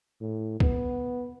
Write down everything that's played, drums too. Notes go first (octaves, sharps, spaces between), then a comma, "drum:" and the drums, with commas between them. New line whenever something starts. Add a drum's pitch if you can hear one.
A2
B3, drum: kick